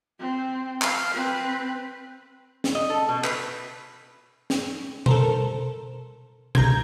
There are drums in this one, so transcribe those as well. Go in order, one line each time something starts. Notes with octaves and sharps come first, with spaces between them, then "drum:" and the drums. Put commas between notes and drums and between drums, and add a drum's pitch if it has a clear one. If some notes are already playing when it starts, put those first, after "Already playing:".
C4
F5, drum: clap
C4 B4
drum: snare
D#5
A4
B2
B4, drum: clap
drum: snare
A4 A#4 C5, drum: tom B2
C2 A#5 G6 G#6, drum: tom B2